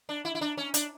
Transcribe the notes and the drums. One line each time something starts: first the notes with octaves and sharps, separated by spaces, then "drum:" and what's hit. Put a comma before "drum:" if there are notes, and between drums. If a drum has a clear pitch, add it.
D4
E4
E4
D4
C#4
D4, drum: hi-hat